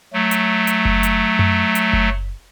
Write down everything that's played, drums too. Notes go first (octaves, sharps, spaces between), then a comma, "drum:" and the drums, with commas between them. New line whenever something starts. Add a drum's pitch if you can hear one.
F#3 A3
drum: hi-hat
drum: hi-hat
drum: kick F#1
drum: hi-hat
drum: tom F#2
drum: hi-hat
drum: kick F#1